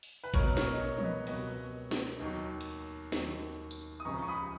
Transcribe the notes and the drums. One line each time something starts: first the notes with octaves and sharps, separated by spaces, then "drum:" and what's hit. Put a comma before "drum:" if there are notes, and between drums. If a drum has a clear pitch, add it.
drum: open hi-hat
B4
C#2 B2 F#3 A#4 C#5, drum: kick G#1
A#4 C#5, drum: snare
D#5
A#4 C#5
C#5, drum: tom
B4 D#5
C#2 B2 F#3 B4 D#5, drum: cymbal
drum: snare
D#2 D#3 F#3
drum: cymbal
D#2 D#3 F#3, drum: snare
drum: tambourine
D#6
C#2 C#3 F3 A#5 C#6
C#6
B5 D#6